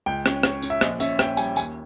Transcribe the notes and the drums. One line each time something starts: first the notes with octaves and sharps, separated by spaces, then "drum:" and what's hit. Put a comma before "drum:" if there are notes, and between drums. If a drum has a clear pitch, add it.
C#2 G5
C#4, drum: rim click
C#4 C#5, drum: rim click
C#4, drum: tambourine
E5
A#1 D#5, drum: rim click
C#4 E5, drum: tambourine
A#1 G5, drum: rim click
G3 G#5, drum: tambourine
D#2 G#5, drum: tambourine